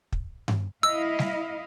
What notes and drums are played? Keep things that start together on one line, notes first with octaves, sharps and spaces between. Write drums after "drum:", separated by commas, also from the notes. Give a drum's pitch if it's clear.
drum: kick
drum: tom G2
E4 D#5 F5 E6
drum: snare